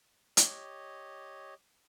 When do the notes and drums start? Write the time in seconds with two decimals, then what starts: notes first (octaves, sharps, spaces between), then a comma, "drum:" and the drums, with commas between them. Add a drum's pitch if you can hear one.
0.37 G4 C#5 D#5, drum: hi-hat